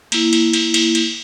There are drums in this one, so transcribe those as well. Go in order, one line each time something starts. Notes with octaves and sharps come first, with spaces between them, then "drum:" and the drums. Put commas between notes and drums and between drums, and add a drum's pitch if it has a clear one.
A#3 E4, drum: cymbal
drum: cymbal
drum: cymbal
drum: cymbal
drum: cymbal